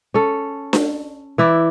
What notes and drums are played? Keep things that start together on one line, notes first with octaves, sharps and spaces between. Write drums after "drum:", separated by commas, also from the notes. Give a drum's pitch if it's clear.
C#4 A4
drum: snare D4
E3 E4 D5